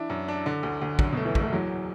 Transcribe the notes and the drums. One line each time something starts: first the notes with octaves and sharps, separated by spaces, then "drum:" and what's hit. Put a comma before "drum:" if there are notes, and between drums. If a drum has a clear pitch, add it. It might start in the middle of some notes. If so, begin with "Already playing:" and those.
Already playing: E3 D4 E4
F#2
D4
D3
D2
D2
F#2 D3, drum: kick
B2 A3
E3
F#1 A3, drum: kick
E2 F#3